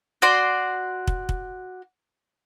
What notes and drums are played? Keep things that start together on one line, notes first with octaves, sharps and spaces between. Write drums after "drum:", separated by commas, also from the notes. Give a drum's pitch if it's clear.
F#4 D5 C6
drum: kick
drum: kick